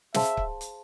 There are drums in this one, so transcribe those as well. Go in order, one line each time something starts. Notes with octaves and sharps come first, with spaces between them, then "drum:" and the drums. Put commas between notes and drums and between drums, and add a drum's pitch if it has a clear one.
G#4 C5 E5 F5 A5 C6, drum: snare
drum: kick C#1
drum: hi-hat